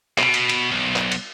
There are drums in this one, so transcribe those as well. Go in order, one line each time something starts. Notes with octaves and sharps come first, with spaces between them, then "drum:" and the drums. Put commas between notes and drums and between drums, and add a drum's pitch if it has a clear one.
B2, drum: clap
drum: cymbal
drum: cymbal
B1
drum: clap
drum: cymbal